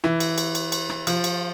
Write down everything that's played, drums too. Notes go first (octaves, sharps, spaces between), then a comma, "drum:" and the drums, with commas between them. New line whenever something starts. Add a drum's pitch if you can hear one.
E3, drum: rim click
drum: cymbal
drum: cymbal
drum: cymbal
drum: cymbal
drum: rim click
F3, drum: cymbal
drum: cymbal